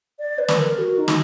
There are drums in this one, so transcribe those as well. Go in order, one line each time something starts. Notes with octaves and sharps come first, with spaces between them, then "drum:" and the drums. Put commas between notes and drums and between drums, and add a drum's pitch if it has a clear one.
D5
B4
drum: snare
A#4
F#4
D#4
drum: snare